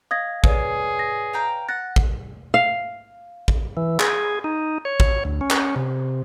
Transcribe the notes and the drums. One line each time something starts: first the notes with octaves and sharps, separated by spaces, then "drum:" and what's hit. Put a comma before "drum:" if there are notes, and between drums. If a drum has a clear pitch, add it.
D#5 F5 D#6 G#6 A#6
G#4 B4 C#5 D5, drum: kick
A#6
F5 G5 A#5
F#5 F#6 A6 A#6
drum: kick
F5
drum: kick
E3
G#4, drum: clap
D#4
C#5
drum: kick
D2
C#4
drum: clap
C3